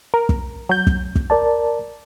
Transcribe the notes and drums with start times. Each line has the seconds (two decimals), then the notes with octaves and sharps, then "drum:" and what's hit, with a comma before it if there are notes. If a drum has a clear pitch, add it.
0.14 A#4
0.29 drum: kick
0.69 F#3 G6
0.87 drum: kick
1.15 drum: kick
1.30 A#4 D5 A5